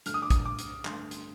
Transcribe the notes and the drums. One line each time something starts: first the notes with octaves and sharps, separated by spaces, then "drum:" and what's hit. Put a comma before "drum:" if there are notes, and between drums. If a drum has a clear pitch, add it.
G2 D3 A3 F6, drum: hi-hat
D#6
D6
D#6, drum: kick, hi-hat
D6
drum: hi-hat
G2 D3 A3 C6, drum: clap
drum: hi-hat